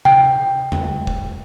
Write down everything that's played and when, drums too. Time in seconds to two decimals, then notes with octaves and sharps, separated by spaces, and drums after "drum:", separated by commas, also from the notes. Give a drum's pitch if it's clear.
0.05 G5, drum: tom C3
0.72 drum: tom E2
1.07 drum: kick F1